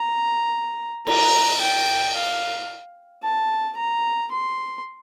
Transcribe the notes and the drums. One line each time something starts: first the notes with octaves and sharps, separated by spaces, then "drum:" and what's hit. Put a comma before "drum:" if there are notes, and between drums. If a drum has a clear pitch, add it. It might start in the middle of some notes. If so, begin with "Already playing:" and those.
Already playing: A#5
A#5, drum: cymbal
G5
F5
A5
A#5
C6